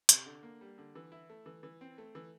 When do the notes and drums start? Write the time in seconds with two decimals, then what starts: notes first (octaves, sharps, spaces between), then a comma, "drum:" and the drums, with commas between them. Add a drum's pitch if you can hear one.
0.09 C3, drum: hi-hat
0.26 D3
0.43 A#3
0.61 G3
0.78 D3
0.95 E3
1.12 E4
1.30 A3
1.46 E3
1.63 E3
1.81 C4
1.98 A3
2.15 E3